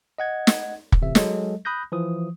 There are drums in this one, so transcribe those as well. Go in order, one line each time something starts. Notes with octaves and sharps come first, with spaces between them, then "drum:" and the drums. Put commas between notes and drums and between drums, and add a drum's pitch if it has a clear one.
D#5 F#5 G#6
drum: snare
drum: kick
A1 C3 E5
F#3 G#3 A4 D#5, drum: snare
B5 D#6 F#6 G6 A#6
E3 F3 D#6